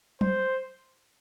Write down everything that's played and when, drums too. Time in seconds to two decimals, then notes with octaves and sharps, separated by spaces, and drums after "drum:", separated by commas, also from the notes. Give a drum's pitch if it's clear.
0.21 C5, drum: tom F#3